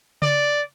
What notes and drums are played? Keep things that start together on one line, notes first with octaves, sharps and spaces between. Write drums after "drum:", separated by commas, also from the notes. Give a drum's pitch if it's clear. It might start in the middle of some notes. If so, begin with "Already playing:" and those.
D5, drum: tom C#3